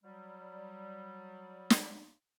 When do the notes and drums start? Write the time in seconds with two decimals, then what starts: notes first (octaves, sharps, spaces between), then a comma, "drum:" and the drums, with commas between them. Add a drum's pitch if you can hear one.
0.04 F#3 G3
1.70 drum: snare